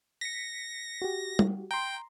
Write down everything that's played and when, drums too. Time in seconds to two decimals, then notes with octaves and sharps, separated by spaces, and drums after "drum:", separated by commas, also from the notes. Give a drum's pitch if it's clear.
0.21 A#6 B6 C#7
1.02 F#4 G4
1.39 drum: tom G3
1.71 G5 A#5 C6